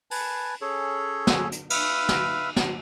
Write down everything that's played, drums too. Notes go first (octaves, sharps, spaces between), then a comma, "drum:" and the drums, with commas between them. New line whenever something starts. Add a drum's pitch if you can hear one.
B4 G#5 A5, drum: open hi-hat
C#4 G#4 A4 C#5
drum: snare
drum: hi-hat
B4 E5 F5, drum: cymbal
drum: snare
drum: snare